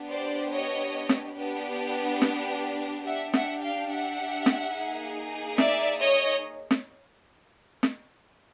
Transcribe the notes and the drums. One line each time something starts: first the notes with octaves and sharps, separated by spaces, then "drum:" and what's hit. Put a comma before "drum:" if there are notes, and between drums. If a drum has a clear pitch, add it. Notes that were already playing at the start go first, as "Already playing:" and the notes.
Already playing: B3 D4 G4
C5 D5
C#5 D#5
drum: snare
B3 D4 G4
drum: snare
D4 G4 E5 F#5
E5 F#5, drum: snare
F5 G5
E5 F#5
drum: snare
A#3 D#4 G#4
D5 E5, drum: snare
C#5 D#5
drum: snare
drum: snare